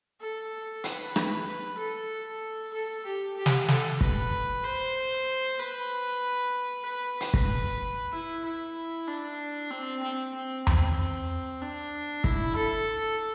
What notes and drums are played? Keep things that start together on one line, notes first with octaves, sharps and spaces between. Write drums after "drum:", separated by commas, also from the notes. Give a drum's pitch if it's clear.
A4
B4, drum: hi-hat
B4, drum: rim click
B4
A4
A4
G4
G4
drum: snare
A4, drum: snare
B4, drum: kick
C5
B4
B4
drum: hi-hat
drum: kick
E4
E4
D4
C4
C4
C4
C4, drum: tom E2
D4
E4, drum: kick
A4